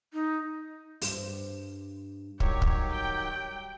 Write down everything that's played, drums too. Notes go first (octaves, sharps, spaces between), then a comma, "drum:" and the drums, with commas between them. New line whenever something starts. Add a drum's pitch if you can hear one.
D#4
G2 C5, drum: open hi-hat
D#3 F#3 G3 G4 C#5, drum: kick
drum: kick
G5